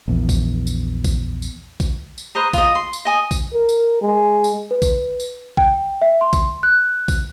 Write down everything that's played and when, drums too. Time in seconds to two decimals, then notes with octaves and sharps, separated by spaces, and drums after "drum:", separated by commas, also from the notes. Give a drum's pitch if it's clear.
0.08 A#1 E2
0.29 drum: kick A#1, tambourine
0.67 drum: tambourine
1.04 drum: kick A#1, tambourine
1.42 drum: tambourine
1.80 drum: kick A#1, tambourine
2.18 drum: tambourine
2.35 B4 C5 D#5 A#5
2.53 F4 D#5, drum: kick A#1, tambourine
2.75 C6
2.93 drum: tambourine
3.05 D#5 G#5 D#6
3.31 drum: kick A#1, tambourine
3.53 A#4
3.69 drum: tambourine
4.01 G#3
4.44 drum: tambourine
4.71 B4
4.82 drum: kick A#1, tambourine
5.20 drum: tambourine
5.57 G5, drum: kick A#1
6.02 E5
6.21 C6
6.33 drum: kick A#1, tambourine
6.63 F#6
7.08 drum: kick A#1, tambourine